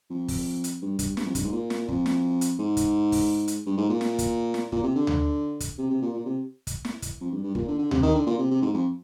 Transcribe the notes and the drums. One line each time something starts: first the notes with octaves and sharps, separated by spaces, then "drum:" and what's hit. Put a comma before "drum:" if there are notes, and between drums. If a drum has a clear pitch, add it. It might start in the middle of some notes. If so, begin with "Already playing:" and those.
F2
drum: kick, open hi-hat
drum: hi-hat
G2
G2, drum: kick, hi-hat
G2, drum: snare
F2
G2, drum: kick, hi-hat
G#2
A#2
drum: snare
F2, drum: kick
drum: snare
drum: hi-hat
G#2
drum: kick, hi-hat
drum: kick, open hi-hat
drum: hi-hat
G2
G#2
A#2
drum: snare
drum: kick, hi-hat
drum: snare
A#2, drum: kick
C3
D3
drum: tom D2
drum: kick, hi-hat
C3
C3
A#2
A#2
C3
drum: kick, hi-hat
drum: snare
drum: kick, hi-hat
F2
G2
G2
A#2, drum: kick
D3
D3
C3, drum: tom D2
D#3
D3
A#2
C3
C3
G#2
F2